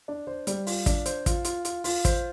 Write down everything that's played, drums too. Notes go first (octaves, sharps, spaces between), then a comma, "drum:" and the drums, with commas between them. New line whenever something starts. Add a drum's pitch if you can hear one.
D4
C5
G3, drum: hi-hat
F4, drum: open hi-hat
D4, drum: kick, hi-hat
C5, drum: hi-hat
F4, drum: kick, hi-hat
F4, drum: hi-hat
F4, drum: hi-hat
F4, drum: open hi-hat
C5, drum: kick, hi-hat